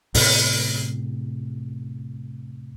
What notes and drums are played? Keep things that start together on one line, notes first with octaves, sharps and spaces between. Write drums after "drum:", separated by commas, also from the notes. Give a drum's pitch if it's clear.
E2 A2 C3, drum: open hi-hat